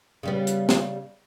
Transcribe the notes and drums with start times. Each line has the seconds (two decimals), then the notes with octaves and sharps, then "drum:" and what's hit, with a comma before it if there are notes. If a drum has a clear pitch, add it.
0.23 C#3 G3 B3
0.47 drum: hi-hat
0.69 drum: snare